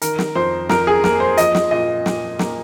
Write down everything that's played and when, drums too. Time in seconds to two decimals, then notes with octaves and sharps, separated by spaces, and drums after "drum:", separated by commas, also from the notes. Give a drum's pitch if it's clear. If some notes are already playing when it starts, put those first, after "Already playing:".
0.02 D#3 A#4, drum: hi-hat
0.19 drum: snare
0.35 F2 C5
0.69 F2 A#4, drum: snare
0.87 G#4
1.04 A#3 A#4, drum: snare
1.20 C5
1.37 F3 D#5, drum: hi-hat
1.55 drum: snare
1.71 A#2 D#5
2.06 A#2, drum: snare
2.39 A#3, drum: snare